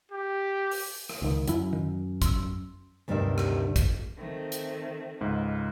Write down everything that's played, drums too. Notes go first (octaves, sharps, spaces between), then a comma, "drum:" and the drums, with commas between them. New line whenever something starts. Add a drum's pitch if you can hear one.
G4
drum: open hi-hat
drum: rim click
C#2 D#3
F#2 F#3 E4, drum: hi-hat
D#3
C6 E6, drum: kick, hi-hat
D2 G2 C3 D#3 D5 E5
drum: rim click
drum: kick, hi-hat
D#3 A3 C4
drum: hi-hat
C#2 G#2